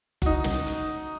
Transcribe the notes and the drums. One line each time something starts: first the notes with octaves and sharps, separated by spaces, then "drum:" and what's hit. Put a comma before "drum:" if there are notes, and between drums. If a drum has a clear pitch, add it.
D#4 F#4, drum: kick G1, hi-hat
drum: snare
drum: hi-hat